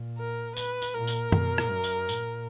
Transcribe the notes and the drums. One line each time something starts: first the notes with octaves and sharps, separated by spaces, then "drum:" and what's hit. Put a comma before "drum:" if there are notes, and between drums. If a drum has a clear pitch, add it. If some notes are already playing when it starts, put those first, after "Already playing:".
Already playing: A#2
A#4
B4, drum: tambourine
drum: tambourine
A#2 A#4
drum: tambourine
B2, drum: tom F#2
drum: rim click
F#2
drum: tambourine
A#2, drum: tambourine